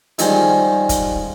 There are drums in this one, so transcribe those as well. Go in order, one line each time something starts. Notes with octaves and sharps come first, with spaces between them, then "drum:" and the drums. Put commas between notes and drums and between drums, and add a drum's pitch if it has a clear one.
D#3 F3 G3 G#3 C#4, drum: hi-hat
drum: kick, hi-hat